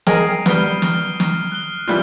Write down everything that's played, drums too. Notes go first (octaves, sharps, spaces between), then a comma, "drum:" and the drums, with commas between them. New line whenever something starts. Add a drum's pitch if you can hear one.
G#4 A#4 D#5 D#6 D7 D#7, drum: snare
C7
G3 B3 F6 G7, drum: snare
drum: snare
drum: snare
F#6 G7
E3 G3 F4 F#6